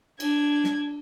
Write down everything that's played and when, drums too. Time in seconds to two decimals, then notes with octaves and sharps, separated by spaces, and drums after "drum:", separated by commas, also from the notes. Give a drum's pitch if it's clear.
0.20 D4 G#6, drum: cymbal
0.64 drum: snare